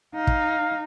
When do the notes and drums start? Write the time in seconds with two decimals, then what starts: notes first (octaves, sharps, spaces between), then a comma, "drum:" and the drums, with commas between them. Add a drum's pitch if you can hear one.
0.15 D#4 F5
0.27 drum: kick